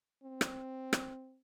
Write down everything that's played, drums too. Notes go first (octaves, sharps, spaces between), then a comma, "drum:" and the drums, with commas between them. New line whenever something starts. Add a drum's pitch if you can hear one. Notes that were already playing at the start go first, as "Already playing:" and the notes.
C4
drum: rim click
drum: rim click